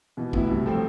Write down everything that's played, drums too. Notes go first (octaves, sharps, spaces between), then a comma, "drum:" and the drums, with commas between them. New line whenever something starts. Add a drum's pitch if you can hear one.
B2 E3
A2 B3 E4, drum: kick
G2 C3
F3 A3 C4